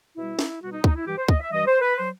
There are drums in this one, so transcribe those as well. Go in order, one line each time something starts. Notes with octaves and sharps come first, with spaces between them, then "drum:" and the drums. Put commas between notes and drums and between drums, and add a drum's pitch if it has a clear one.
B2 G3 E4
drum: snare
B2 G3 F#4
D#4
D#4, drum: kick
E4
G2 E3 G3 G4
C5
D#5, drum: kick
E5
G2 E3 G3 D#5
C5
B4
F#3 C5